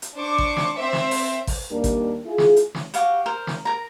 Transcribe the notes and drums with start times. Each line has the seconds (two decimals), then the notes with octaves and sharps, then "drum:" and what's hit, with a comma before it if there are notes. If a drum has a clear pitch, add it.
0.02 drum: hi-hat
0.15 D4 C5 C#6 D6
0.38 drum: kick
0.57 drum: snare
0.76 C4 C5 E5
0.93 drum: snare
1.11 drum: open hi-hat
1.47 drum: kick, open hi-hat
1.70 D#2 G3 A#3 D4 A#4
1.84 drum: kick, hi-hat
2.26 E4 F4 G#4
2.38 drum: snare
2.56 drum: hi-hat
2.75 drum: snare
2.94 F#4 G4 F5, drum: hi-hat
3.26 A#4 C5
3.47 drum: snare
3.65 A#4 A#5